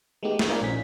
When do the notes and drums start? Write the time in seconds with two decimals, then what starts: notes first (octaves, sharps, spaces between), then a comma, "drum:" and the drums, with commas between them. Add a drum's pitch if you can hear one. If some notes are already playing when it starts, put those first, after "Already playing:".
0.23 G#3 A3 B3 D#4 G4
0.39 drum: snare
0.49 D#4 F4 A#4 C5 D5 G#5
0.62 A#1 A2 C#4 B6